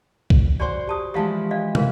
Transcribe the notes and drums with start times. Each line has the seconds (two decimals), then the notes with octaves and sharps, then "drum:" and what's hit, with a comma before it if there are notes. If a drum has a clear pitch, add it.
0.30 drum: kick B1
0.60 F#4 C5 D5 G#5 C6
0.87 G4 A5 D#6
1.14 E3 F3 G#3 G4 F5 A5
1.51 D4 D#5 F5
1.75 G#4 A#4 F5, drum: tom